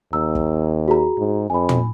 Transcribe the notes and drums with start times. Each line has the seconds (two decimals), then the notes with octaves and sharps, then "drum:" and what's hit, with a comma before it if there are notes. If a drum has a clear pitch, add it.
0.13 D#2 A#5 E6
0.35 drum: kick
0.88 F#4 G#4 A#5
1.18 G#2
1.50 F2 G#5 B5
1.69 drum: tom